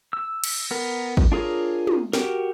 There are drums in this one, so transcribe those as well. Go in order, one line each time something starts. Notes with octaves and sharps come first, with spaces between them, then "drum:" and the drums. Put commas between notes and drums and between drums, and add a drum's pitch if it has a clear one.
E6
drum: cymbal
B3 A#4
drum: kick
D4 F4 G#4 A#4 C#5
drum: tom
F#4 G4 A#4, drum: snare